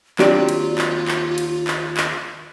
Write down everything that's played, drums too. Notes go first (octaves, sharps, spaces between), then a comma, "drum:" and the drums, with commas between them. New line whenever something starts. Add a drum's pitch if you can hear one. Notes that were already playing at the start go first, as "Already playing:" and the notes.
D#2 F#3 C4 D4 F4 G4 D5, drum: clap
drum: cymbal
drum: clap
drum: clap
drum: cymbal
drum: clap
drum: clap